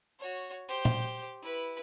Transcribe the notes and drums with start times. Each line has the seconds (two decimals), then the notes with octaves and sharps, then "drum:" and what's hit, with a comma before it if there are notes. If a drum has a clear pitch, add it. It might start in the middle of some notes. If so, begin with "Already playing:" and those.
0.20 F#4 C#5
0.68 G4 C5
0.85 drum: tom
1.43 E4 B4